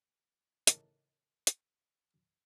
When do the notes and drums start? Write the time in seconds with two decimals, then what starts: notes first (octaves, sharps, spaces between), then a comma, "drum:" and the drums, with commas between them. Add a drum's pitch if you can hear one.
0.67 A1 C#3 D#4 A#4 A5, drum: hi-hat
1.47 drum: hi-hat